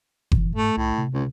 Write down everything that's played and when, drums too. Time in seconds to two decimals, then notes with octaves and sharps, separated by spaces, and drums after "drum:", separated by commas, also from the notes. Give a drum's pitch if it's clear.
0.32 E3, drum: kick F#1
0.56 G#2 A3
0.77 C2 A2
0.98 C3
1.14 C#2